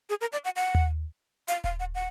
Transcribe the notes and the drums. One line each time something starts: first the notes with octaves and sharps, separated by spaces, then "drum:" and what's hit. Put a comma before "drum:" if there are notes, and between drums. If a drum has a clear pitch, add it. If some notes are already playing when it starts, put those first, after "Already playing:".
G#4
A#4
D5
F#5
F#5
drum: tom D#2
F5, drum: hi-hat
F5, drum: kick D#1
F#5
F#5